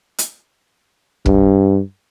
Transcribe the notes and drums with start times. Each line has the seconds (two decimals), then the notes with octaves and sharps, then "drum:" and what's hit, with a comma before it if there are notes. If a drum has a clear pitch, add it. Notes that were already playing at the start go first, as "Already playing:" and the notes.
0.18 drum: hi-hat
1.26 G2, drum: kick